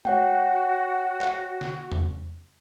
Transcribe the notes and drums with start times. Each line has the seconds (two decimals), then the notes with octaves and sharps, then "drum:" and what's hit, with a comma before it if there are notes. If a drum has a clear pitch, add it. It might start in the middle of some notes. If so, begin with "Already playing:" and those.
0.05 F#4 C#5 F#5 G5, drum: tom G#3
1.21 drum: clap
1.61 drum: snare
1.92 drum: tom E2